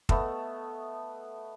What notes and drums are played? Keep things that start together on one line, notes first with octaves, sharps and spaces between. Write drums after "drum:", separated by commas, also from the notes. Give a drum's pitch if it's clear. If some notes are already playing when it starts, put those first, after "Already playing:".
A3 B3 D#5, drum: kick